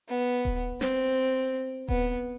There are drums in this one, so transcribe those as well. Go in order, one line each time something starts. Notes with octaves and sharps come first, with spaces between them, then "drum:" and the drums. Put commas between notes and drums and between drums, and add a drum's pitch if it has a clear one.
B3
drum: kick D#1
C4, drum: snare
B3, drum: kick D#1